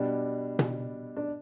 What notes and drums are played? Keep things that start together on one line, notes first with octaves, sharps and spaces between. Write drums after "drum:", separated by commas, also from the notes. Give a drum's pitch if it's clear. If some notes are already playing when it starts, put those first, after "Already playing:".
Already playing: B2 G3 D4
drum: tom B2
D4